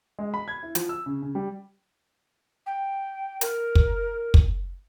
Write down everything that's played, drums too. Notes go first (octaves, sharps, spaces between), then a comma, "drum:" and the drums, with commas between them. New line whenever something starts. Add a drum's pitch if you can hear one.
G#3
B5
G#6
E4
F3, drum: hi-hat
E6
C#3
C#3
G3
G5
A#4, drum: hi-hat
drum: kick
drum: kick